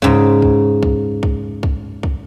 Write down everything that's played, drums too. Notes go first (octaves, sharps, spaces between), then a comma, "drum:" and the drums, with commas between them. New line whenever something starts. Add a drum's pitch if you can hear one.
G#2 C#3, drum: kick C2
drum: kick C2
drum: kick C2
drum: kick C2
drum: kick C2
drum: kick C2